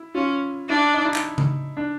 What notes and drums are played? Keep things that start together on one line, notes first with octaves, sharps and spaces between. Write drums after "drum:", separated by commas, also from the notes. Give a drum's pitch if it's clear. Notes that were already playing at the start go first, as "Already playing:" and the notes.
Already playing: E4
C#4 F4
D4 E4
D#4
E4
drum: clap
drum: tom C#3
D4